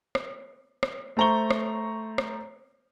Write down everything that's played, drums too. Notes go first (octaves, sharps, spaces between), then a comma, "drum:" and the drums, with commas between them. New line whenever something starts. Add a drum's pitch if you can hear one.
drum: rim click
drum: rim click
A3 C5 A#5 C#6 G7
drum: rim click
drum: rim click